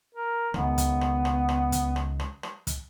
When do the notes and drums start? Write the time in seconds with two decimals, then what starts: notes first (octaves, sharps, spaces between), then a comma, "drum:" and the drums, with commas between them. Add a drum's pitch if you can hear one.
0.14 A#4
0.54 C#2 D#3 B3, drum: rim click
0.78 drum: kick, hi-hat
1.01 drum: rim click
1.25 drum: rim click
1.49 drum: rim click
1.72 drum: kick, hi-hat
1.96 drum: rim click
2.20 drum: rim click
2.43 drum: rim click
2.67 drum: kick, hi-hat